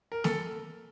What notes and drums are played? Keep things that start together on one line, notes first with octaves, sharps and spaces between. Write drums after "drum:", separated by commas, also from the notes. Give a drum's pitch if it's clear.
A#4
A4, drum: snare